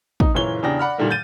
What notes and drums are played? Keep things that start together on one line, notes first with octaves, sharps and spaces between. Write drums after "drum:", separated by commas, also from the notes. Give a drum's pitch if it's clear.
D#4, drum: kick
F#1 A#2 E3 C#5 G7
E2 C#3 D4 G4 A#6
D5 F#5 B5 F6
A#2 D3 D#3 G3 A3 A#3
G6 A6 D#7